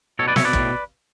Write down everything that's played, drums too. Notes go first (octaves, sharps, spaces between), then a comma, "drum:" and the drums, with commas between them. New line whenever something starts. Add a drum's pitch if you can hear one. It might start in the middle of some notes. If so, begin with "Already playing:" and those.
B2 A4 C#5
B4 D5
B2 C#5 E5, drum: snare
B4 D5
A2, drum: kick